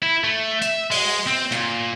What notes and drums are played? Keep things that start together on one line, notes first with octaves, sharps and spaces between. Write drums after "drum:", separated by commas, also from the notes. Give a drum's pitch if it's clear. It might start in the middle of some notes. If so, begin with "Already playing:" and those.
E4
A3
E5, drum: hi-hat
G#3, drum: open hi-hat
C4
A#2, drum: hi-hat